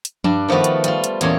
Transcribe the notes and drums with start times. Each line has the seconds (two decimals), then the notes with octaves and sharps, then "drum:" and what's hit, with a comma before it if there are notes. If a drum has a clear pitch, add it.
0.05 drum: hi-hat
0.24 G2 D4, drum: tom F3
0.48 D#3 F3 A3 B3 F#4
0.64 drum: hi-hat
0.84 G3 F4, drum: hi-hat
1.04 drum: hi-hat
1.21 E2 A#2 C#4 C#5, drum: hi-hat